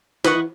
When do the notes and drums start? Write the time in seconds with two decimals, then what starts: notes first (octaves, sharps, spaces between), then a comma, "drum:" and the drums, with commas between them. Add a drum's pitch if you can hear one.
0.25 D#3 B4 D#5 F#5 C#6, drum: snare
0.34 E3